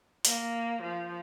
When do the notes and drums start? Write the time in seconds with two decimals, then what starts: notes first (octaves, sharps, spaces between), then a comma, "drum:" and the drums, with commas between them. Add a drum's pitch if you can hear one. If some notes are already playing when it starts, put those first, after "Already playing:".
0.25 A#3, drum: hi-hat
0.82 F3